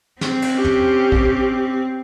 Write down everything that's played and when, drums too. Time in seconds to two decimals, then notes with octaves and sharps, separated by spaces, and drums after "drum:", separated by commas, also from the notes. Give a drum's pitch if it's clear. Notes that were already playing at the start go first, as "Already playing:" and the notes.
0.21 C4, drum: snare
0.42 drum: cymbal
0.55 C#4 G4
0.64 drum: tom
1.12 drum: kick